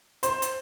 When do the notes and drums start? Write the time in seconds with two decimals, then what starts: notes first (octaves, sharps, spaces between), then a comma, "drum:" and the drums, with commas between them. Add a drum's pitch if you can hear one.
0.23 C5, drum: hi-hat
0.42 drum: hi-hat